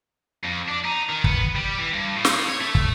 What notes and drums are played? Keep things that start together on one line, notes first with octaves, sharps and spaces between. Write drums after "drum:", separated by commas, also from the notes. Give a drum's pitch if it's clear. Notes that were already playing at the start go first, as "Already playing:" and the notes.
F2
D4
D#4
D#3
B3, drum: kick
G3
E3
G2
A2
drum: snare
C#5
A3
drum: kick